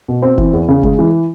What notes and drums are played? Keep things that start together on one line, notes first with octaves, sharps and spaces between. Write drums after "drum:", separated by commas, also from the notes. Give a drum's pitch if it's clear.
B2
C4
E3, drum: kick F#1
E2
C#3
G#3, drum: kick F#1
E3